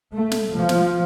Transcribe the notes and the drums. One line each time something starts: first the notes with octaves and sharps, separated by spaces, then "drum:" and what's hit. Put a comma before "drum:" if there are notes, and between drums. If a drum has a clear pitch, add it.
A3
drum: snare
F3
drum: snare